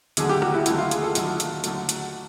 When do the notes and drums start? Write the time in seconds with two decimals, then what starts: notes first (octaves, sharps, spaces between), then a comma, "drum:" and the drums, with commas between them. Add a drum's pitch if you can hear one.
0.17 D#2 D3 F#3 A3 G#4, drum: hi-hat
0.29 G4
0.42 F#4, drum: rim click
0.54 E4
0.66 D#2 D3 F#3 A3 E4, drum: hi-hat
0.78 F4
0.91 G#4, drum: hi-hat
1.03 A4
1.15 D#2 D3 F#3 A3, drum: hi-hat
1.40 drum: hi-hat
1.64 D3 F#3 A3, drum: hi-hat
1.89 drum: hi-hat